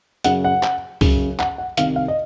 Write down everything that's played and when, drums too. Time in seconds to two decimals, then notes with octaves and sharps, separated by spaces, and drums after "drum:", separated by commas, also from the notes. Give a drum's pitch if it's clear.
0.24 F#2 C#3 F#5, drum: hi-hat
0.44 F#5
0.63 drum: clap
1.01 F#2 C#3, drum: kick, open hi-hat
1.39 F#5, drum: clap
1.58 F#5
1.77 C2 C3 D#3 F5, drum: hi-hat
1.96 F5
2.08 D#5